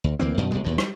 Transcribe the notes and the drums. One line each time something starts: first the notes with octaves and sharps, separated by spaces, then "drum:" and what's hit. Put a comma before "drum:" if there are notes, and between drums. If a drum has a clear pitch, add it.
D2
D2 E3 A#3 C4
F#2 B2 D#3
C2 B2 G3 G#3
D#2 B2
G3, drum: rim click